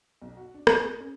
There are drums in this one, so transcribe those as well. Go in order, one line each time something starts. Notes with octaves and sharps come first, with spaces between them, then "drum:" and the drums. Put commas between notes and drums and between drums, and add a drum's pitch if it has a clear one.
B1
F#4
D4
F2, drum: rim click
G#4
C#4